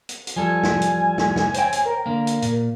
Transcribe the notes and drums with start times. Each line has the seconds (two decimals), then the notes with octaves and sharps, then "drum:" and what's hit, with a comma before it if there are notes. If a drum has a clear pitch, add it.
0.09 drum: hi-hat
0.27 drum: hi-hat
0.36 F3 G3 A4 G#5
0.63 drum: snare
0.82 drum: hi-hat
1.18 drum: snare
1.36 drum: snare
1.54 C5 C#5 G5, drum: hi-hat
1.72 drum: hi-hat
1.85 A#4
2.06 D3 A#3
2.27 drum: hi-hat
2.42 A#2, drum: hi-hat